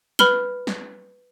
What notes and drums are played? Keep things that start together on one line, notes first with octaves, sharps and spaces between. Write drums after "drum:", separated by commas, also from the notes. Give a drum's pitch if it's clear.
B4 B5 F6 G7, drum: snare
drum: snare